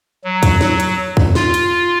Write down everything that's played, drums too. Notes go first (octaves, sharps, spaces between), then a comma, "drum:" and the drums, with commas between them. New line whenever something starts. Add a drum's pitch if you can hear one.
F#3
drum: kick, hi-hat
F#3, drum: snare
drum: hi-hat
drum: kick
F4, drum: snare
drum: hi-hat